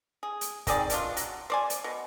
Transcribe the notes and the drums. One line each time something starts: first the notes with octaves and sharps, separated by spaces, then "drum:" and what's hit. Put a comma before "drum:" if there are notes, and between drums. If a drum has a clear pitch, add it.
G#4
drum: hi-hat
D#3 C4 G#4 D5, drum: kick, hi-hat
B2 D4 F4, drum: hi-hat
F#3, drum: hi-hat
C5 D5 G#5
drum: hi-hat
B2